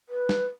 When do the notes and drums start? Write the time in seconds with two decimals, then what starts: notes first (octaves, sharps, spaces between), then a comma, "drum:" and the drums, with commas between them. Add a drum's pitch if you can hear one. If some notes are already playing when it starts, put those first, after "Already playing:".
0.09 B4
0.29 drum: snare